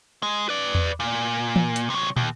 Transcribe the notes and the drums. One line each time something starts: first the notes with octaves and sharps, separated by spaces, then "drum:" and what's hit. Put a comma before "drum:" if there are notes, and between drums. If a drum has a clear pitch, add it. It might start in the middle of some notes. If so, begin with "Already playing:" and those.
G#3
B4 D5
drum: tom E2
A#2
drum: tom
drum: hi-hat
C3 F#3
D#2, drum: tom